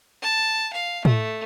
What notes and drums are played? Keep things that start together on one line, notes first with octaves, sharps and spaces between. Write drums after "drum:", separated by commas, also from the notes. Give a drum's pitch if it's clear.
A5
F5
A3, drum: tom A2